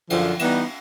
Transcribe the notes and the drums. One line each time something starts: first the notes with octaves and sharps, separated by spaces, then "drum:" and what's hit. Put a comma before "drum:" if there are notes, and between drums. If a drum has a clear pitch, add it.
F#2 D3 F3, drum: cymbal
E3 G3 B3 D#4, drum: cymbal